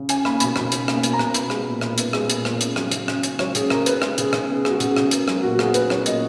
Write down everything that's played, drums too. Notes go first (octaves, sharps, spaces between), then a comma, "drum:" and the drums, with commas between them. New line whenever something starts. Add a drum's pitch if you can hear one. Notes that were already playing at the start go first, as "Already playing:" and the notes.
Already playing: C#3
C#4 G#5, drum: hi-hat
A#3 B5, drum: rim click
B2 B5, drum: hi-hat
B2 B5, drum: rim click
C#4, drum: hi-hat
A#3, drum: rim click
B2, drum: hi-hat
A#5
B2, drum: rim click
B3 B5, drum: hi-hat
G#3, drum: rim click
A#2
A#2, drum: rim click
B3, drum: hi-hat
G#3, drum: rim click
A#2, drum: hi-hat
A#2, drum: rim click
C#4, drum: hi-hat
F#3, drum: rim click
C#3, drum: hi-hat
C#3, drum: rim click
C#4, drum: hi-hat
F#3 C#5, drum: rim click
C#3 G#4, drum: hi-hat
C#3 A#4, drum: rim click
B3 B4, drum: hi-hat
G#3, drum: rim click
C#3 G#4, drum: hi-hat
C#3, drum: rim click
B3 G#4
G#3 F#4, drum: rim click
C#3, drum: hi-hat
G#4
C#3, drum: rim click
B3 A#4, drum: hi-hat
F#3 A#4, drum: rim click
A#2 F#4
F#4
A#2 G#4, drum: rim click
B3 B4, drum: hi-hat
F#3 C#5, drum: rim click
A#2 D#5, drum: hi-hat